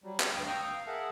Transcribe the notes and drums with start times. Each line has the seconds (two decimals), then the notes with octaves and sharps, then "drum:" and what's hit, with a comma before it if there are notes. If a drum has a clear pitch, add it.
0.04 F#3 G3
0.20 A#5 F6, drum: clap
0.34 D2 G2 D#5 F5 G5
0.47 G5 A#5 C#6 D#6 E6 G6
0.64 F5
0.87 G#4 A#4 E5 F#5 A5